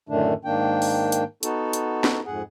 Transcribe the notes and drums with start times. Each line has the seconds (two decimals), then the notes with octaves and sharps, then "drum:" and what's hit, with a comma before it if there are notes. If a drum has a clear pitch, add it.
0.09 F#2 A2 D3 D#3 A3 D4
0.45 G#2 D#3 A#3 D4 G5
0.82 drum: open hi-hat
1.12 drum: hi-hat
1.43 B3 D#4 F#4 A4, drum: hi-hat
1.73 drum: hi-hat
2.04 drum: snare
2.26 F2 G#2 G#4 F#5